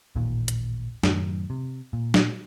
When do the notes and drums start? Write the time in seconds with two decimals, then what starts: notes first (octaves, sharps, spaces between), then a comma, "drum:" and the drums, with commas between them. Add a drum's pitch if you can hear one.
0.16 A1 D#2 A#2 D#3
0.48 drum: hi-hat
1.03 F#2 A2 D#3, drum: snare
1.50 C3
1.93 A#2
2.14 drum: snare